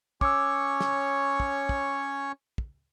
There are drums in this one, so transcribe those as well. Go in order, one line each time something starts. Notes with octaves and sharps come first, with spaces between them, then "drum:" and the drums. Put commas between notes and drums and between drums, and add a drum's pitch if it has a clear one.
C#4 C#5 C#6 D6 E6, drum: kick
drum: snare
drum: kick
drum: kick
drum: kick